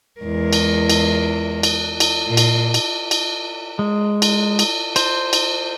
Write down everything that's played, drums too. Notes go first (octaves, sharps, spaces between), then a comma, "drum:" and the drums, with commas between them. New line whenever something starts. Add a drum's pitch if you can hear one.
E2 G#3 A#4
drum: cymbal
drum: cymbal
drum: cymbal
drum: cymbal
A#2
drum: cymbal
drum: cymbal
drum: cymbal
G#3
drum: cymbal
drum: cymbal
C5, drum: cymbal
drum: cymbal